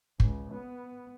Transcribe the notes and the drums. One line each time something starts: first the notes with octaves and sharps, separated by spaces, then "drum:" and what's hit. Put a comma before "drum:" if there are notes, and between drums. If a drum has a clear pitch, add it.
C#2, drum: kick
B3